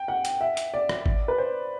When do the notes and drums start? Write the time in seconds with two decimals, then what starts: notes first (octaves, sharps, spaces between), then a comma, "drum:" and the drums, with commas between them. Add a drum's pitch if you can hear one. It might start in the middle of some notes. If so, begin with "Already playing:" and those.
Already playing: G5
0.08 F#5
0.25 drum: hi-hat
0.41 E5
0.57 drum: hi-hat
0.74 D5
0.89 drum: rim click
1.06 drum: kick G#1
1.28 B4
1.38 C5